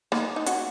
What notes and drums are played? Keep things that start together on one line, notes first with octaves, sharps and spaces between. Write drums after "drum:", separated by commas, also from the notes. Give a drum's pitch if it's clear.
A#3 D#4, drum: rim click
D#4
C#4 F#4, drum: hi-hat